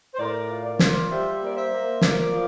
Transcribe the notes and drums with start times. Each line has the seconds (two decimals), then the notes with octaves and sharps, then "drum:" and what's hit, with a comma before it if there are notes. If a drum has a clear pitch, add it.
0.14 C5
0.18 A2 A#4 D5
0.49 F4
0.64 A#4 D5
0.79 F4, drum: snare
1.10 G3 C5 E5
1.41 A#3 D5
1.56 C5 E5
1.72 A#3
2.01 F3 A#4 D5, drum: snare
2.32 F3